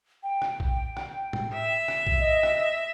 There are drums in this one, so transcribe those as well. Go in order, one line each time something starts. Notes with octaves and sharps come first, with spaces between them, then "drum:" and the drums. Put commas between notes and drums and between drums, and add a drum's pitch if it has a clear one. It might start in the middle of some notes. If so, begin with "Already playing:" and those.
G5
drum: rim click
drum: kick
drum: rim click
drum: tom
E5
drum: rim click
drum: kick
D#5
drum: rim click